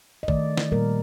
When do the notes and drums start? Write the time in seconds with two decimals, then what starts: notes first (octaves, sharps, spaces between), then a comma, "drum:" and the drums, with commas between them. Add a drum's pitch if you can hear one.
0.23 D#5
0.28 D#3 A3 D5, drum: kick
0.57 drum: snare
0.72 A#2 G3 A#3 A#4